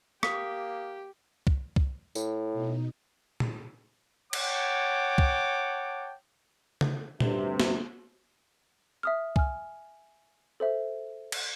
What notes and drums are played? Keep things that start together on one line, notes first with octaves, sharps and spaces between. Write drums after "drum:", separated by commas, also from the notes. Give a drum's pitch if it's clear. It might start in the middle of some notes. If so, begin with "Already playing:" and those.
A#3 G4 D#6 B6, drum: rim click
drum: kick
drum: kick
A2, drum: tambourine
B2 D#4
drum: tom A#2
C#5 F#5 G5 A5 D6, drum: cymbal
drum: kick
drum: tom C#3
D2 G2 C3, drum: tom A#2
drum: snare
E5 D#6 F6
G#5 F6, drum: kick
A4 C5 E5
drum: cymbal